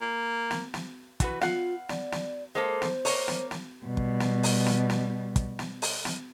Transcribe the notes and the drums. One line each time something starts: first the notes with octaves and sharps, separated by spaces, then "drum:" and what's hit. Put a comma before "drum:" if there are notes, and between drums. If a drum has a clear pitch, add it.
A#3
drum: snare
drum: snare
E3 F#4 B4, drum: kick, hi-hat
F4 F5 F#5, drum: snare
D5, drum: snare
drum: snare
G#3 A#3 A4 C5
drum: snare
A#3 C#5, drum: open hi-hat
drum: snare
drum: snare
B2 G3
drum: kick
drum: snare
drum: open hi-hat
drum: snare
drum: snare
drum: kick, hi-hat
drum: snare
drum: open hi-hat
drum: snare